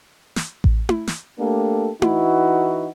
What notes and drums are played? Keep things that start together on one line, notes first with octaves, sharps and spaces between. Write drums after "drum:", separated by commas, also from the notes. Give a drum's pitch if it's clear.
drum: snare
drum: kick A1
drum: tom E4
drum: snare
A3 A#3 D4 G4 A4
E3 D#4 E4 F#4, drum: tom E4